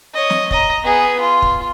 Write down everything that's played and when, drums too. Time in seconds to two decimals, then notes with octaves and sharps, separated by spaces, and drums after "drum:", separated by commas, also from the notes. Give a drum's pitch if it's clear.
0.14 C#5 D#5
0.30 drum: snare
0.51 D#5 A#5, drum: kick
0.84 B3 G#4
1.20 F4
1.42 drum: kick